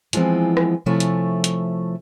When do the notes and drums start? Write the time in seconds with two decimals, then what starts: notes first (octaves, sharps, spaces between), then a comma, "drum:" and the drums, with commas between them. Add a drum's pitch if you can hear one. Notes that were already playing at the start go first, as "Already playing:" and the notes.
0.13 E3 F3 G#3 B3 C4, drum: hi-hat
0.57 drum: rim click
0.86 C3 F3 A3 E4 C#5 G#5
1.00 drum: hi-hat
1.44 drum: hi-hat